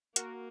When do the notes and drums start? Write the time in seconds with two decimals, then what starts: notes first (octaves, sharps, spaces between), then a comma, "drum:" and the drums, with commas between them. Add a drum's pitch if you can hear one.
0.16 A#3 F#4 A#4, drum: hi-hat